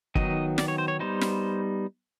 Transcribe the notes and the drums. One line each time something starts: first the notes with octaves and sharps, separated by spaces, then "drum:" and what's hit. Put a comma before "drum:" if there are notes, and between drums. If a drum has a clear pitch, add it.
D#3 F#3 B3 D#4 D#5, drum: kick
D5, drum: snare
C#5
C5
C#5
G3 B3 D#4 C5
drum: snare